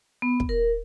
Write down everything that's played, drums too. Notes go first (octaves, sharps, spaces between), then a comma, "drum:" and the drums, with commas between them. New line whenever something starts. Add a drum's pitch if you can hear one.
B3
drum: kick
A#4